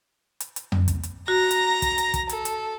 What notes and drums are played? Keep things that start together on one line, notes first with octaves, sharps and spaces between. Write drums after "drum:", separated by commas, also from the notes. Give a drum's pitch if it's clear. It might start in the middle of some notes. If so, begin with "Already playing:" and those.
drum: hi-hat
drum: hi-hat
drum: tom F2
drum: kick, hi-hat
drum: hi-hat
F#4 A#5 A#6
drum: hi-hat
drum: kick, hi-hat
drum: hi-hat
drum: kick, hi-hat
A4, drum: hi-hat
drum: hi-hat